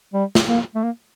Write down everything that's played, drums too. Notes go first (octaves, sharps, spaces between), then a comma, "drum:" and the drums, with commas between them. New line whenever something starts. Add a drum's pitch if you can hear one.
G3
drum: snare
A#3
A3
A#3